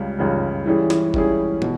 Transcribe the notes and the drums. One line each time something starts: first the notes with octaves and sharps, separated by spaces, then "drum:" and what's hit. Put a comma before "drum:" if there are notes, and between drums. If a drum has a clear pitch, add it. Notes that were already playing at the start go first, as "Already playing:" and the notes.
Already playing: C#2 C#3 G3
C#2 C#3 G3
E3 G3 C#4 E4 G#4
drum: snare
E3 G3 C#4 E4 G#4, drum: kick G1
B2, drum: tom